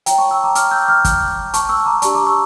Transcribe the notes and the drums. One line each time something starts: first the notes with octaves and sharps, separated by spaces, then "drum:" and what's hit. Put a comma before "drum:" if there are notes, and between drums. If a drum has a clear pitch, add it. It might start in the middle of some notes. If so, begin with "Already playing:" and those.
F4 C#5 G5 A#5, drum: hi-hat
A5 C#6
C#6 E6
A#5 D6
D6 F6, drum: hi-hat
E6 G6
D6 F6
drum: kick, hi-hat
A5 C#6, drum: hi-hat
C#6 E6
A#5 D6
D4 G4 D5 A5 C#6, drum: hi-hat
A#5 D6
C#6 E6